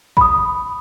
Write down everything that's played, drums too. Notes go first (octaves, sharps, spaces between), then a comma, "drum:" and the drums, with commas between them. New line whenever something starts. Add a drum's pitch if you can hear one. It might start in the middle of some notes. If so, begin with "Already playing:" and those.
B5 D#6, drum: kick G#1